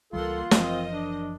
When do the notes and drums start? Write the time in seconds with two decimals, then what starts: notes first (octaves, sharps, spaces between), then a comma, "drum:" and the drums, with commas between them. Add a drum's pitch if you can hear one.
0.13 C#2 E3 G3 A#3 F4 A4 F#5 C6
0.51 F#1 E3 F3 C4 A#4 C5 D#5, drum: snare
0.91 D4